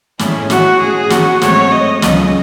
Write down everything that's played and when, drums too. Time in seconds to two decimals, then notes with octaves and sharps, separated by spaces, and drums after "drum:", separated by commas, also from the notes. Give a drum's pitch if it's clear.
0.19 A2 G#3 C#4 E4 G#4, drum: snare
0.50 F#4, drum: snare
0.80 A2 G#3 C#4 G#4
1.10 F#4, drum: snare
1.42 G#2 F#3 A3 C4 F#4 C#5, drum: snare
1.72 D#5
2.02 C#2 C#3 F#3 C#4 D#5, drum: snare